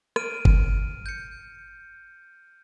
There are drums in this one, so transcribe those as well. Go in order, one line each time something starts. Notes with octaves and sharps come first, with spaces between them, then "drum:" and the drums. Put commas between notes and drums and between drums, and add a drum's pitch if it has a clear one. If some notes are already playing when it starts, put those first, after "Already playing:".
F6 D7 D#7, drum: rim click
drum: kick G1
G6 C#7